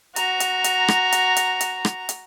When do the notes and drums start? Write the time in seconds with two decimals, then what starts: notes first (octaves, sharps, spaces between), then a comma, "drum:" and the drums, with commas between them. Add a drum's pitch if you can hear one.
0.16 F#4 A#5, drum: hi-hat
0.40 drum: hi-hat
0.64 drum: hi-hat
0.88 drum: rim click
1.12 drum: hi-hat
1.36 drum: hi-hat
1.61 drum: hi-hat
1.85 drum: rim click
2.09 drum: hi-hat